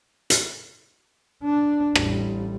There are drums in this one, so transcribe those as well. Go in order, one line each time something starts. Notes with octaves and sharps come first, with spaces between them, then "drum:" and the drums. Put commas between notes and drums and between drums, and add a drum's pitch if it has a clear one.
drum: hi-hat
D4
A1 G3, drum: rim click